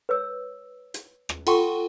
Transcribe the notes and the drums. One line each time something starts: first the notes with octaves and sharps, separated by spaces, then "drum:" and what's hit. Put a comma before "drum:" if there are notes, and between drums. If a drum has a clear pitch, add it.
B4 C#5 E6
drum: hi-hat
drum: rim click
F4 A4 F#5 G5 C6 C#6, drum: cymbal